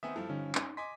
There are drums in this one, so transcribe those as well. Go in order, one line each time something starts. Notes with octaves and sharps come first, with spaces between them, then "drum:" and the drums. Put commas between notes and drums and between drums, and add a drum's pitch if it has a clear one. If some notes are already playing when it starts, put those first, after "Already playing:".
D#3 B3 C4 E5 G#5 D#6
G2 F3 E4 A4
D3 G3 C#4 D#4
D#4, drum: clap
D#5 G#5 C6 D6 B6